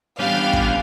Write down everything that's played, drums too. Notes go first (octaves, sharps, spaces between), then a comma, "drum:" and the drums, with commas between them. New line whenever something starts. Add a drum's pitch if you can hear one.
G3 B3 C#4 D4 G4 F5
drum: kick